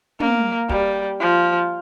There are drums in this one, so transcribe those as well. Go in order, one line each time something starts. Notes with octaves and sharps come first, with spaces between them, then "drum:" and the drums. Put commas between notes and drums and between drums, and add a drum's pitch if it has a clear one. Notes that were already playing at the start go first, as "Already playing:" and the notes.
A#3, drum: tom
G3, drum: kick
F3